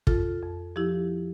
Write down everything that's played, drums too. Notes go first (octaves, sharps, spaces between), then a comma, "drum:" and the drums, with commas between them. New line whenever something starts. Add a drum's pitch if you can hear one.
F2 F4 A4, drum: kick
F2
F3 E4 G4